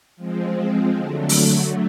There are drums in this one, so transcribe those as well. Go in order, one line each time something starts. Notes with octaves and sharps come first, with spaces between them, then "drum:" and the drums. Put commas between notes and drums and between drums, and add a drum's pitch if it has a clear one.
F3 G#3 C4
D3 F#3 A3
drum: open hi-hat